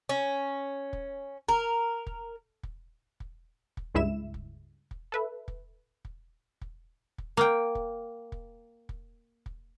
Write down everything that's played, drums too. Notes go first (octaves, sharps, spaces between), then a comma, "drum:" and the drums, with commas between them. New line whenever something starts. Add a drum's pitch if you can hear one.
C#4
drum: kick
A#4, drum: kick
drum: kick
drum: kick
drum: kick
drum: kick
C#2 G2 G#3 E4 E5 E7
drum: kick
drum: kick
A4 B4 E5
drum: kick
drum: kick
drum: kick
drum: kick
A#3 G5
drum: kick
drum: kick
drum: kick
drum: kick